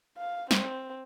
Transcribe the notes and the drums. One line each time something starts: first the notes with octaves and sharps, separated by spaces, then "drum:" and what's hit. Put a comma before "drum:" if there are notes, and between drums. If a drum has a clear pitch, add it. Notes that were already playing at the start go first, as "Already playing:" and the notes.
F5
C4, drum: snare